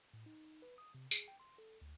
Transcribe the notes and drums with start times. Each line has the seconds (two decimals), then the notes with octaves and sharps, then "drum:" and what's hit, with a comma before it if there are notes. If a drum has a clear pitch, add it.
0.13 A2
0.26 D#4
0.62 B4
0.78 D#6
0.95 C3
1.11 G#4, drum: tambourine
1.28 G5
1.40 C6
1.58 A4
1.82 D2